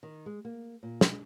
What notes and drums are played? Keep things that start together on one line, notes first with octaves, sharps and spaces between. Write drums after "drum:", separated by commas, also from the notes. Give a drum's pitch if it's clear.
D#3
G#3
A#3
A#2
G#3, drum: snare